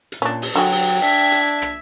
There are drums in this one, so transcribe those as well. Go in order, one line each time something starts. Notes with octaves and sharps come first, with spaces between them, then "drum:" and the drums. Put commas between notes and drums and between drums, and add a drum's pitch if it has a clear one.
drum: hi-hat
A#2 C#4 D4
drum: open hi-hat
D3 F#3 F#4 G#4 G5
drum: open hi-hat
D4 E5 G#6, drum: hi-hat
drum: hi-hat
drum: rim click